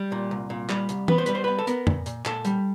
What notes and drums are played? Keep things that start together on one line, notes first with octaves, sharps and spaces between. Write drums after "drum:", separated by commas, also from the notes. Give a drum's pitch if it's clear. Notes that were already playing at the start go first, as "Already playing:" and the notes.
Already playing: G3
A#2
C2
A#2
G3, drum: clap
C2, drum: hi-hat
B3 B4, drum: tom E3
C5
G3 B4, drum: hi-hat
C5
B3 B4
A4
B3 A#4, drum: hi-hat
A#2, drum: tom F2
A#2, drum: hi-hat
A#2 A4, drum: clap
G3, drum: hi-hat